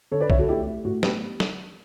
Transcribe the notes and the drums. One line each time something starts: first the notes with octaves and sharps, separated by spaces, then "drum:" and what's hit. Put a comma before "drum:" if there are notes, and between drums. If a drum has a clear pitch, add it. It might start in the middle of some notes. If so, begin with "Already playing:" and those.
D3 A4 C#5
B4 D5
D3 C#5 E5, drum: kick B1
F#4 A4
A3 E4 G4
A3
A2 F#4
B3 G4 B4, drum: snare
drum: snare